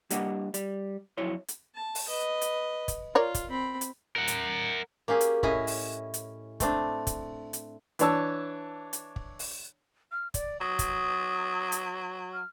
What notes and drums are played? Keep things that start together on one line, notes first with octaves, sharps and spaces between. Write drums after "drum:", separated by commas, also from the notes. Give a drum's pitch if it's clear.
G3 A#3 D4 G4 D#5 F#5, drum: hi-hat
G3, drum: hi-hat
F2 F#3 E4 C#5 C6
drum: hi-hat
A5
drum: open hi-hat
B4 D#5
drum: hi-hat
drum: kick, hi-hat
F4 A#4 C#5 D5
drum: kick, hi-hat
C4 B5
drum: hi-hat
A#4 F#5
drum: hi-hat
A#3 C#4 G4 G#4
drum: hi-hat
A2 C#4 E4 D#5, drum: kick
drum: open hi-hat
drum: hi-hat
A3 C4 D4, drum: kick, hi-hat
drum: kick, hi-hat
drum: hi-hat
E3 D4 C#5 A5 E6, drum: hi-hat
drum: hi-hat
drum: kick
drum: open hi-hat
F6
D5, drum: kick, hi-hat
F#3 D#6
drum: kick, hi-hat
drum: hi-hat
F6